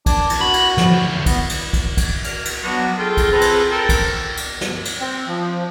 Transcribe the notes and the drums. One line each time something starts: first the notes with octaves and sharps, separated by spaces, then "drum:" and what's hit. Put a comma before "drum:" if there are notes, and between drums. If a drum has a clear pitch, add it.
D4, drum: kick, cymbal
drum: cymbal
F#4 B5
drum: cymbal
F3, drum: snare
D3 C5
B3, drum: kick, cymbal
drum: cymbal
drum: kick, cymbal
drum: kick, cymbal
F6, drum: cymbal
drum: cymbal
F#3 B3 D4 F#4
F4 G#4 A4 G5
drum: kick, cymbal
C4 F4 A4 B4 A#5
drum: cymbal
A4 A#4 G5
drum: kick, cymbal
drum: cymbal
drum: snare
drum: cymbal
C4
F3